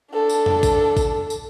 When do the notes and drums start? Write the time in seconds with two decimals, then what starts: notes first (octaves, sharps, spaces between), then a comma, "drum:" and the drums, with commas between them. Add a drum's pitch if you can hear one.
0.13 D4 A4
0.29 drum: tambourine
0.46 drum: tom
0.63 drum: kick A1, tambourine
0.97 drum: kick A1, tambourine
1.30 drum: tambourine